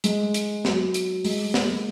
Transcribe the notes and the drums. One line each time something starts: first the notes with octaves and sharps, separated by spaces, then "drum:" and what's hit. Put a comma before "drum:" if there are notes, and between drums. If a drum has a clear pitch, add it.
G#3, drum: hi-hat
drum: hi-hat
F#3, drum: snare
drum: hi-hat
G#3, drum: open hi-hat
A#3, drum: snare
G#3